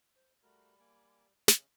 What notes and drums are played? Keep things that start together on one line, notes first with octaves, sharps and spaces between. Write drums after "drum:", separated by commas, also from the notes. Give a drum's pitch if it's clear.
C5
G3 A3 F#4 A#4 B5
A#3 G#5 D6
C#3 C#4 D#5, drum: snare